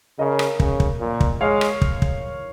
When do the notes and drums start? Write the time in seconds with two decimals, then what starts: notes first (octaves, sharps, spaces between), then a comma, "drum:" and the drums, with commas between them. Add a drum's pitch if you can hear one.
0.19 C#3 A#4 D#5
0.39 drum: rim click
0.60 C#3, drum: kick
0.80 drum: kick
1.00 A#2
1.20 drum: kick
1.41 G#3 C#5 F5
1.61 drum: rim click
1.82 drum: kick
2.02 drum: kick